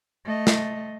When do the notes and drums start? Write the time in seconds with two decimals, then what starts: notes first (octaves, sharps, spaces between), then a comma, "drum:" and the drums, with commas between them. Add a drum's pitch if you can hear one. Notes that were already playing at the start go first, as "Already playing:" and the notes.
0.25 A3 D#5
0.47 drum: snare